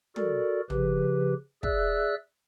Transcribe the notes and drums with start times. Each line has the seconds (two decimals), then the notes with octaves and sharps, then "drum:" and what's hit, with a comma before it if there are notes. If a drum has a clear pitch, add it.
0.16 F#4 A4 A#4 D5, drum: tom
0.70 C#3 F3 G4 B4, drum: tom
1.63 G#4 D5 E5 E6 F#6, drum: kick